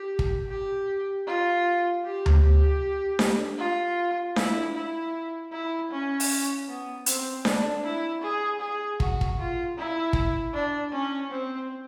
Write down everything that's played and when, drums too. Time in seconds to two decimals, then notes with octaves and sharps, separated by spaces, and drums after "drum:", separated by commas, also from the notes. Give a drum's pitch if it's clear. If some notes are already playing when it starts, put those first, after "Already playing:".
Already playing: G4
0.19 drum: kick
0.50 G4
1.27 F4
2.04 G4
2.26 drum: tom D2
2.43 G4
3.19 drum: snare D4
3.58 F4
4.36 E4, drum: snare D4
4.75 E4
5.52 E4
5.91 C#4
6.20 drum: open hi-hat
6.68 B3
7.06 C4, drum: hi-hat
7.45 D4, drum: snare D4
7.84 E4
8.22 G#4
8.60 G#4
9.00 F#4, drum: kick
9.21 drum: kick
9.39 F4
9.77 E4
10.13 drum: kick
10.54 D4
10.92 C#4
11.31 C4